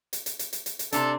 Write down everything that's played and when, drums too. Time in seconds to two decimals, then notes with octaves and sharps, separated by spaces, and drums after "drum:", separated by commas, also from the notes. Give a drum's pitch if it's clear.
0.13 drum: hi-hat
0.26 drum: hi-hat
0.39 drum: hi-hat
0.53 drum: hi-hat
0.66 drum: hi-hat
0.79 drum: hi-hat
0.93 C3 D4 A4, drum: hi-hat